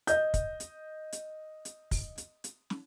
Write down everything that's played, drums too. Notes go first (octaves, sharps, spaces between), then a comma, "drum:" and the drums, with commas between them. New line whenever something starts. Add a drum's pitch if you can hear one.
D#5 G6, drum: hi-hat
drum: kick, hi-hat
drum: hi-hat
drum: hi-hat
drum: hi-hat
drum: kick, open hi-hat
drum: hi-hat
drum: hi-hat
drum: snare